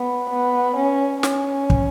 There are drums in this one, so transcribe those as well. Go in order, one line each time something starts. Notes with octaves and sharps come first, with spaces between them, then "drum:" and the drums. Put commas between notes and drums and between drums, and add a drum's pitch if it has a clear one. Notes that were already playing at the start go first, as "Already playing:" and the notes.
Already playing: B3
B3
C#4
C#4, drum: snare
drum: kick